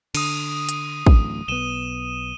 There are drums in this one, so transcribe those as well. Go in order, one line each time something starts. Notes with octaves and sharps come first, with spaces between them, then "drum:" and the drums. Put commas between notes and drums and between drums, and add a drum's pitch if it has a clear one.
D3 D#6 D#7, drum: cymbal
drum: hi-hat
D1 A1 D2, drum: kick
B1 B3 D#7 E7 G7